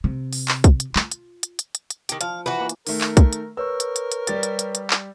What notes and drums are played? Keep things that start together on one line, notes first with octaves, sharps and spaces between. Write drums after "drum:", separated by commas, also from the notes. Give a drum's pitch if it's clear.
C3
drum: open hi-hat
drum: clap
drum: kick, hi-hat
drum: hi-hat
F4, drum: clap
drum: hi-hat
drum: hi-hat
drum: hi-hat
drum: hi-hat
drum: hi-hat
D#3 G4, drum: hi-hat
F3 F5, drum: hi-hat
E3 F#4 B4
A#3
drum: hi-hat
D#3 A3 A#4, drum: open hi-hat
drum: clap
drum: kick, hi-hat
drum: hi-hat
A#4 B4 C#5 C#6 E6
drum: hi-hat
drum: hi-hat
drum: hi-hat
G3 G4 A6, drum: hi-hat
drum: hi-hat
drum: hi-hat
drum: hi-hat
drum: clap